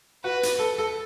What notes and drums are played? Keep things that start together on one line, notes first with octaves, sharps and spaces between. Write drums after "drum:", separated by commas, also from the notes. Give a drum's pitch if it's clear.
F#4 B4
drum: hi-hat
A4
A4